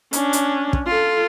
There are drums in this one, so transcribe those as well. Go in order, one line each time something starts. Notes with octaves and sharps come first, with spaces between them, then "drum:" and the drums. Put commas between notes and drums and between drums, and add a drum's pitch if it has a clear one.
C#4 D4, drum: hi-hat
drum: hi-hat
drum: kick
F4 A4